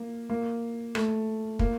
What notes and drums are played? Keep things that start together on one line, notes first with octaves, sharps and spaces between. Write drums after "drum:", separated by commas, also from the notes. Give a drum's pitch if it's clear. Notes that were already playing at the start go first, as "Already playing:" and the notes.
Already playing: A#3
A#3
A3, drum: rim click
A#3, drum: kick